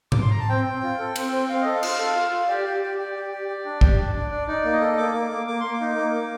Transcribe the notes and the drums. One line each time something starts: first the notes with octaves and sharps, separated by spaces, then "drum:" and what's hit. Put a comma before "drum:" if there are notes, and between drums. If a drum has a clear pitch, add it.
D6, drum: tom G#2
C6
A#5
A5
C4 G5
C4
F4
A4
C4, drum: cymbal
C4
C4 F5
A4 D#5
F5
F4, drum: cymbal
A4
F4
F4
G4 D5
G4
G4
G4
G4
G4
G4
D4
G4, drum: kick
D4
D4
D4
D#4 D5
A#3
D#5
A4
A#3 D6
A#3
A#3
A#3 D6
A#3 C6
D6
D#4
A#3
A#3